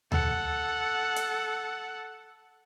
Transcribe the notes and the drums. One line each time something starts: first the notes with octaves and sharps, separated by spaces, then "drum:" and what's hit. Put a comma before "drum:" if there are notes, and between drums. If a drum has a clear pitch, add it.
A4 F#5, drum: tom D2
drum: hi-hat